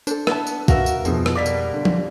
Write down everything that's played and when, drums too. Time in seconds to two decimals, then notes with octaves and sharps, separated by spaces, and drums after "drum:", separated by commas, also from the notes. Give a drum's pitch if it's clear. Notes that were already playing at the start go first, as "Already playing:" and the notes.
0.07 D4 A4 C5, drum: tambourine
0.27 B3 B4 E5 A5, drum: rim click
0.47 drum: tambourine
0.68 F#4 A#4 B4 E5 F5, drum: kick, tambourine
0.86 drum: tambourine
1.05 F2 B2 F3 G#4, drum: tambourine
1.26 drum: rim click
1.35 B2 G3 A#3 D6 B6
1.46 drum: tambourine
1.74 D3
1.85 drum: tom F3